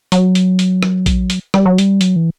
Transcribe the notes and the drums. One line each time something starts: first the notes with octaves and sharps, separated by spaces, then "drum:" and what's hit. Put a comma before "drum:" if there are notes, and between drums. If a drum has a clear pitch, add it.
F#3, drum: hi-hat
drum: hi-hat
drum: hi-hat
drum: rim click
drum: kick A#1, hi-hat
drum: hi-hat
G3, drum: rim click
F#3
G3, drum: hi-hat
F#3, drum: hi-hat
E3